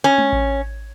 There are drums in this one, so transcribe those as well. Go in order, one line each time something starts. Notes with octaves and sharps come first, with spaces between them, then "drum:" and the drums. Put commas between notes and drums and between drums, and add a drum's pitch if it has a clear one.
C#4
drum: tom G#3
drum: kick A1